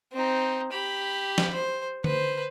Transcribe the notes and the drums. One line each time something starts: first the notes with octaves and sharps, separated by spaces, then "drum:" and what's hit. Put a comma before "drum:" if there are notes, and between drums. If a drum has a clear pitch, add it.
C4 D#4
G4 B5
drum: snare
C5
B4 C5, drum: tom D3